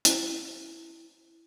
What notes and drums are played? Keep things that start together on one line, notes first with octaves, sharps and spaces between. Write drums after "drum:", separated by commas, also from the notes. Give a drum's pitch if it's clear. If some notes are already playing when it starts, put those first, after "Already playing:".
E4, drum: hi-hat